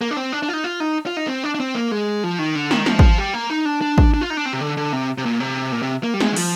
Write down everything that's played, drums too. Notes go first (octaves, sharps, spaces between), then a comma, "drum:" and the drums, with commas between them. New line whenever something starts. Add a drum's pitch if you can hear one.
A#3
D4
C4
D4
D4
F4
D#4
F4
D#4
F4
D#4
C4
D4
D4
C4
A#3
G#3
F3
D#3
D3
D#3, drum: snare
F3, drum: snare
drum: kick
G3
A#3
D#4
D4
D4
drum: kick
D4
F4
D#4
D4
C4
C3
D3
D3
C3
C3
A#2
C3
A#2
C3
A#3
G3
G#3, drum: snare
D#3
F3, drum: cymbal